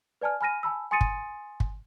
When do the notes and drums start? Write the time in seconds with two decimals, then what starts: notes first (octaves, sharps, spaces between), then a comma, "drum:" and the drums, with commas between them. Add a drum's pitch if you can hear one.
0.21 B4 D5 G#5 A5 F6
0.41 G#5 B5 F6 A#6 D#7
0.63 G#5 A5 B5 E6
0.91 G#5 C6 D#6 A6 C#7 D#7
1.01 drum: kick
1.60 drum: kick